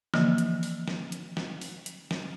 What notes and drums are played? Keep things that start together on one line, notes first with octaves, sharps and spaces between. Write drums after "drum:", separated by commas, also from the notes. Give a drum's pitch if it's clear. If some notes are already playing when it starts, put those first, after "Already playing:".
D3 E3 F3 A#3, drum: snare
drum: hi-hat
drum: open hi-hat
drum: snare
drum: hi-hat
drum: snare
drum: open hi-hat
drum: hi-hat
drum: snare